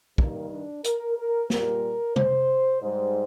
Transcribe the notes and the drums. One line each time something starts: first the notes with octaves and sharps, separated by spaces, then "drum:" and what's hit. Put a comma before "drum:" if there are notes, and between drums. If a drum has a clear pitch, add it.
G2 D#3 G3 A#3, drum: kick
D4
A#4, drum: hi-hat
A#4
A#2 G3 A#4, drum: snare
C5, drum: tom C3
G#2 G3 C5